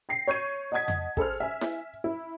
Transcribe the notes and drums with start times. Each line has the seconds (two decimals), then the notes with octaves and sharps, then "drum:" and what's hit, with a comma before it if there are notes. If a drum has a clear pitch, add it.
0.09 G5 A#6 C7
0.27 C#5 C#6 G6 G#6 D#7
0.72 D#5 F#5 A5 D#6 G#6 B6
0.88 drum: tom F2
1.17 G#4 A4 C5 F6, drum: kick
1.40 E5 G#5
1.61 drum: snare E4
2.04 E4